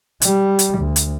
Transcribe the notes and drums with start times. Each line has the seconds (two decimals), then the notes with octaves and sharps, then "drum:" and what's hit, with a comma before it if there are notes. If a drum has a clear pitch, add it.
0.22 G3, drum: hi-hat
0.59 drum: hi-hat
0.78 D2
0.96 drum: hi-hat